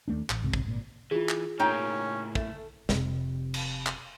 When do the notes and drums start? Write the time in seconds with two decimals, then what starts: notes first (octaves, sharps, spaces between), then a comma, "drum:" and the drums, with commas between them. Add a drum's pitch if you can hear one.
0.08 D#2 A3 D4
0.30 A1, drum: clap
0.43 C#2 G#2 C3
0.53 drum: kick
0.64 G#1 A#2
1.11 E3 F4 G#4
1.29 drum: clap
1.60 A2 A#3 C#4 D#4 C#5 G5
2.35 A3, drum: kick
2.89 F1 C3, drum: snare
3.54 drum: cymbal
3.86 drum: clap